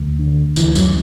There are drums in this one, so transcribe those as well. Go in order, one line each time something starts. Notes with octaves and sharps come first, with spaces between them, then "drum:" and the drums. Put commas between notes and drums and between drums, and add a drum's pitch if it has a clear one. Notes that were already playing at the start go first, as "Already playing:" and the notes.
Already playing: D2
D3
D2 E3, drum: tambourine
F#2 F#3, drum: tambourine